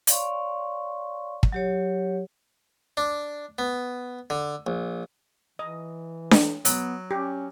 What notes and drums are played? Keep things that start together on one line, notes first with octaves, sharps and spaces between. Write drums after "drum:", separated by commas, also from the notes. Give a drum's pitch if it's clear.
C#5 D5 F5 C6 C#6, drum: hi-hat
drum: kick
F#3 G4 C#5
D4
B3
D3
A#1
E3 D#5
drum: snare D4
F#3 B3, drum: hi-hat
C#4 G4